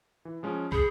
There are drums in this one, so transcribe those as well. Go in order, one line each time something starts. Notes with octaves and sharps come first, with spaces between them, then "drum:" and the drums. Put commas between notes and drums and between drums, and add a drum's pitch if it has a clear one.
E3
F3 G#3 C#4
G#4 B5 G6 C#7, drum: kick